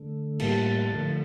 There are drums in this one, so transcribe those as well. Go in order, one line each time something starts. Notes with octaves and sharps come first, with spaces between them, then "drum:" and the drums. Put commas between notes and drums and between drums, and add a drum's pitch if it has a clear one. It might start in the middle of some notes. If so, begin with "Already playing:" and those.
Already playing: D3 A3
A2 G3 A#3 A5, drum: cymbal
D3 F3 A3